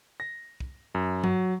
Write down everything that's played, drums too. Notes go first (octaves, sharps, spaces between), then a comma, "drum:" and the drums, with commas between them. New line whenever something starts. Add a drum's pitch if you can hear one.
A#6
drum: kick
F#2
F#3, drum: tom G2